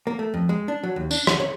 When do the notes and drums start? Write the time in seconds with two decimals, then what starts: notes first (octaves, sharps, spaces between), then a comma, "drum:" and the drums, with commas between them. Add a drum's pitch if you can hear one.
0.07 A#3
0.19 A3
0.34 F2
0.49 G#3
0.68 D4
0.83 F#3
0.96 D#2
1.11 D4, drum: tambourine
1.27 D3, drum: rim click
1.40 C#5